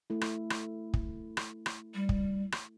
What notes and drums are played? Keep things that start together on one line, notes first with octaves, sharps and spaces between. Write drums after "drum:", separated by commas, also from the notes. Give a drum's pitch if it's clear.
A3 E4
drum: rim click
drum: rim click
drum: kick
drum: rim click
drum: rim click
G3
drum: kick
drum: rim click